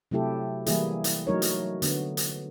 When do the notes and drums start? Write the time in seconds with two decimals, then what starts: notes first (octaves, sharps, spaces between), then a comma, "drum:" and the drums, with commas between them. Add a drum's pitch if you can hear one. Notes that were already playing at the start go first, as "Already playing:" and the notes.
0.11 C3 F#3 A3 E4 G4 A4
0.66 E3 G3 A#3 E4 G#4, drum: hi-hat
1.04 drum: hi-hat
1.27 F#3 A3 D#4 A#4 C#5
1.42 drum: hi-hat
1.82 D3 B3, drum: hi-hat
2.17 drum: hi-hat